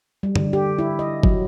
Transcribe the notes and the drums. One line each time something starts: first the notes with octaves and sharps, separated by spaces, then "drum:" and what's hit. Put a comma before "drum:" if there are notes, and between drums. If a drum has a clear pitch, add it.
G3
D3, drum: tom G2
G4
E4
D#5
F#3, drum: kick F#1